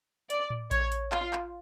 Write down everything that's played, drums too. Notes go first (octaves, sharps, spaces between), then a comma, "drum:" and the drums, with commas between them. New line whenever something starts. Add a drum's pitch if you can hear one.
D5, drum: hi-hat
drum: tom A2
C#5, drum: kick A#1, hi-hat
drum: hi-hat
F4, drum: clap
drum: clap